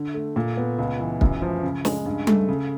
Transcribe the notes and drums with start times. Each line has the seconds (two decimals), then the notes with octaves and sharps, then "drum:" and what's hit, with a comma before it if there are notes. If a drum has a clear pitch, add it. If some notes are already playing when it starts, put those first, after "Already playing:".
Already playing: D3
0.14 A3
0.36 A#2
0.57 B3
0.78 C#2
1.00 E3
1.21 F#2, drum: kick
1.42 F3
1.63 C#3
1.85 G#3, drum: snare
2.06 G2
2.27 A3, drum: tom G3
2.49 C#3